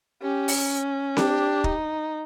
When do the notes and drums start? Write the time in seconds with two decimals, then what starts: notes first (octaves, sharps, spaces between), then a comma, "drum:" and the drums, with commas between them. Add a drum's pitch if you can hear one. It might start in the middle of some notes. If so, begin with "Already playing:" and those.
0.22 C#4 G4
0.48 drum: open hi-hat
1.17 D4 G4, drum: snare C4
1.64 D#4, drum: kick